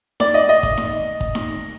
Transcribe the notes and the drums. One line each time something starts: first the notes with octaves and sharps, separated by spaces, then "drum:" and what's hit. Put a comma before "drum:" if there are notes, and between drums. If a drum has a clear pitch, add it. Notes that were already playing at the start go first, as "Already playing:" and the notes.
D5, drum: snare D#4
D#5
D#5
drum: kick
drum: snare D#4
drum: kick
drum: snare D#4